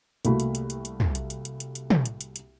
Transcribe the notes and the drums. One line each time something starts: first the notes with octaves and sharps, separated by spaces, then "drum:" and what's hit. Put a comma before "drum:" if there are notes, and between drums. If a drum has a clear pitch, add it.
C2 A3 A#3 F#4 B5, drum: hi-hat
drum: hi-hat
drum: hi-hat
drum: hi-hat
drum: hi-hat
drum: tom
drum: hi-hat
drum: hi-hat
drum: hi-hat
drum: hi-hat
drum: hi-hat
drum: tom
drum: hi-hat
drum: hi-hat
drum: hi-hat